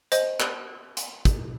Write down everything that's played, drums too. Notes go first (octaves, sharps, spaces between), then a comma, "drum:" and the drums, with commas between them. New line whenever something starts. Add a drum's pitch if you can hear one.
C5 D#5, drum: hi-hat
drum: clap
drum: hi-hat
drum: kick, hi-hat